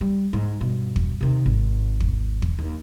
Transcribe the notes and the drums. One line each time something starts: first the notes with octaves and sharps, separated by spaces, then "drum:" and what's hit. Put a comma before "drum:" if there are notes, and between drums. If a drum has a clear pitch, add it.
G3
G#2
G2 B2
drum: kick
C3 D#3
G#1
drum: kick
drum: kick
D#2